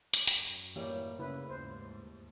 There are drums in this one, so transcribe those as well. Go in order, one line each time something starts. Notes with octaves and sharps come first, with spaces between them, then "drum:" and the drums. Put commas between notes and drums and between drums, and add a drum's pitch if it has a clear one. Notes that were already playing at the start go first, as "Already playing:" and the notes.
drum: hi-hat
F#2, drum: hi-hat
A2 E3 G3 A#3 G4
C#3 E4 B4
D#2 G#2 C5